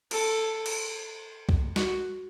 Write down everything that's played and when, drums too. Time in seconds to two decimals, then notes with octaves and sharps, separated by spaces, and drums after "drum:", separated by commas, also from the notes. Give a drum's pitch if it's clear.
0.11 A4, drum: cymbal
0.66 drum: cymbal
1.49 drum: kick C2
1.76 F#4, drum: snare